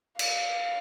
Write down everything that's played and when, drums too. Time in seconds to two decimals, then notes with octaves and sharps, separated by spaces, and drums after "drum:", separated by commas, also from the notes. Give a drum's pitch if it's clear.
0.19 F5, drum: cymbal